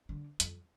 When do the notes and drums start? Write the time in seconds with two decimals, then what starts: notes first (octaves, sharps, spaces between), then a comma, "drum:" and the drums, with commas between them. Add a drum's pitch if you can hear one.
0.09 D3
0.40 F2, drum: hi-hat